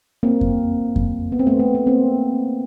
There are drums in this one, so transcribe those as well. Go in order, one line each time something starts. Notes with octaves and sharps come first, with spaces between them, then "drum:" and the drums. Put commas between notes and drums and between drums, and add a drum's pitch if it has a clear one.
A#3 C4
drum: kick F2
drum: kick F2
B3
C4
A3 B3
A3 B3
B3
A#3 C4